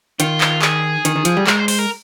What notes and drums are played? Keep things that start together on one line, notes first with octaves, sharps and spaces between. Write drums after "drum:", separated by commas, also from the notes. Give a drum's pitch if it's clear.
D#3 F4, drum: hi-hat
drum: clap
G#4, drum: clap
D#3, drum: hi-hat
D#3
F3, drum: hi-hat
G3
G#3 A#4, drum: clap
C5
C5, drum: open hi-hat
A#4